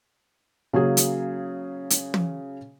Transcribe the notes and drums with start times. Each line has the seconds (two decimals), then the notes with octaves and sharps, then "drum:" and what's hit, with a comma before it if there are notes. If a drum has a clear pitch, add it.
0.73 C#3 F#3 A#3 G#4
0.97 drum: hi-hat
1.90 drum: hi-hat
2.14 drum: tom